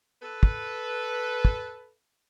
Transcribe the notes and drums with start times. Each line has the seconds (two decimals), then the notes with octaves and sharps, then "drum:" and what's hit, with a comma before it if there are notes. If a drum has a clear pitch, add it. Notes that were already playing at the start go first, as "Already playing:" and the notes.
0.22 A4 B4
0.43 drum: kick
1.45 drum: kick